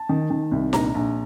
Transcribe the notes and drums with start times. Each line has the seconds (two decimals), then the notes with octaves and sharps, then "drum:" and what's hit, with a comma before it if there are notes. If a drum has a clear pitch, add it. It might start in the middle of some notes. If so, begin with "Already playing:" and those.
Already playing: A5
0.09 D#3
0.30 D#3
0.51 C2
0.73 A#1 A#5, drum: snare D#4
0.95 A#1